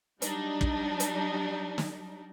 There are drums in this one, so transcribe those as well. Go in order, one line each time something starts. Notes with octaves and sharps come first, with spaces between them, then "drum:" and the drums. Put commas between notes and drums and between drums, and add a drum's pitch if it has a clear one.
F#3 G3 D4 D#4, drum: hi-hat
drum: kick
drum: hi-hat
drum: snare